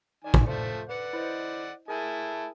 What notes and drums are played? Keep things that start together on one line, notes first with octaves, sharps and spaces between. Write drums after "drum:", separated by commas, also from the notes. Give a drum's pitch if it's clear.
D#3 D5 G#5
drum: kick
F3 A3 C5
B4 D5 F#5 C#7
E4 C5 D#5
E4 G#4 A#4 G#5 A5